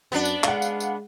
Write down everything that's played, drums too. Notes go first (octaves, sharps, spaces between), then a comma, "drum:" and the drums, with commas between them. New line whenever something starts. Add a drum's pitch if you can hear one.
F#2 B3 D4
drum: tambourine
G#3 F5 F#5, drum: clap
drum: tambourine
drum: tambourine